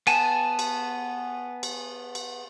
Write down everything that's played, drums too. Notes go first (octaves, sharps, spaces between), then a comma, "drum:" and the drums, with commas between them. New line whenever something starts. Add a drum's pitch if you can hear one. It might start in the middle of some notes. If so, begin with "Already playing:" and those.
B3 G#5 A5, drum: cymbal
drum: cymbal
drum: cymbal
drum: cymbal